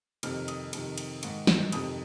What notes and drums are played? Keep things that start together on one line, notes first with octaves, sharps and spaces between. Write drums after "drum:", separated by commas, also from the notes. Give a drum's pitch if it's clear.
F2 C3 D#3 F6, drum: cymbal
D#6, drum: cymbal
F2 C3 D#3, drum: cymbal
drum: cymbal
G#2 D#3, drum: cymbal
drum: snare
F2 C3 D#3 D#6, drum: cymbal